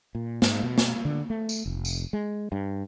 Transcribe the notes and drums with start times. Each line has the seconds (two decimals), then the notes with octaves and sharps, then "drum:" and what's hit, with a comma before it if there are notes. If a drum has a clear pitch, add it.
0.15 A#2
0.42 G#2, drum: snare
0.63 B2
0.78 drum: snare
1.05 D3
1.30 A3
1.49 drum: tambourine
1.66 F1
1.85 drum: tambourine
2.13 G#3
2.52 G2